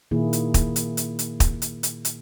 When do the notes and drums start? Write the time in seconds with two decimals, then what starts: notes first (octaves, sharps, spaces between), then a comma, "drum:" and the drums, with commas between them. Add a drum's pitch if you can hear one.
0.11 A#2 D#3 A#3 E4 G#4
0.33 drum: hi-hat
0.54 drum: kick, hi-hat
0.76 drum: hi-hat
0.97 drum: hi-hat
1.19 drum: hi-hat
1.40 drum: kick, hi-hat
1.62 drum: hi-hat
1.83 drum: hi-hat
2.05 drum: hi-hat